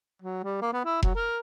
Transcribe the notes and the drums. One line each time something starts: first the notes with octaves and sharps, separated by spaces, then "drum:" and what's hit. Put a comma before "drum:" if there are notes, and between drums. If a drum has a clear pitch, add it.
F#3
G3
A#3
B3
E4
F#3, drum: kick F1
A#4